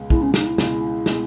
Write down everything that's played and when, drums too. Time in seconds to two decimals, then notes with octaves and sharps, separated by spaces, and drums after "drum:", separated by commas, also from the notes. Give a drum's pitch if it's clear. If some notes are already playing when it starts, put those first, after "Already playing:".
Already playing: C#2 B2 G#3
0.10 C#2 B2 G#3 E4, drum: kick
0.22 C#4
0.34 D#4, drum: snare
0.46 E4
0.58 C#2 B2 G#3, drum: snare
1.06 B2 G#3, drum: snare